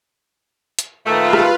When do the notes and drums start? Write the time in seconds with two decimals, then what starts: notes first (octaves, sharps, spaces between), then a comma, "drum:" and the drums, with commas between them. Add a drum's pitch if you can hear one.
0.79 drum: hi-hat
1.06 A#2 D#3 A3 F4 B4 F5
1.33 drum: rim click